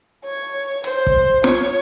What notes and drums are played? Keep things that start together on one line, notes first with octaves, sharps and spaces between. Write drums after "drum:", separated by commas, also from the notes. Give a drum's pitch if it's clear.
C#5
C5, drum: hi-hat
drum: kick
C#5, drum: snare